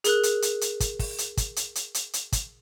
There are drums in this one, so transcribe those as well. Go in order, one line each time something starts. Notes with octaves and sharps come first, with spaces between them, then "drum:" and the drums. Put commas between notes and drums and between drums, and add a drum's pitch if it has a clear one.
G#4 A#4 F#6, drum: hi-hat
drum: hi-hat
drum: hi-hat
drum: hi-hat
drum: kick, hi-hat
drum: kick, open hi-hat
drum: hi-hat
drum: kick, hi-hat
drum: hi-hat
drum: hi-hat
drum: hi-hat
drum: hi-hat
drum: kick, hi-hat